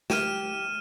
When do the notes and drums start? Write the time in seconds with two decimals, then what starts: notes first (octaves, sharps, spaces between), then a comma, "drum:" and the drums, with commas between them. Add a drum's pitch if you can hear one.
0.10 G4 F6 D#7 E7, drum: snare